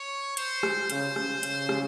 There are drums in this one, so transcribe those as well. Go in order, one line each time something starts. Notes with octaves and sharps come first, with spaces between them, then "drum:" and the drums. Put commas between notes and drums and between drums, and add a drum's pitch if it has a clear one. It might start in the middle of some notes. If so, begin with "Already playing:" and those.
Already playing: C#5
C5, drum: hi-hat
drum: rim click
C#3 C5, drum: hi-hat
drum: rim click
C#3, drum: hi-hat
drum: rim click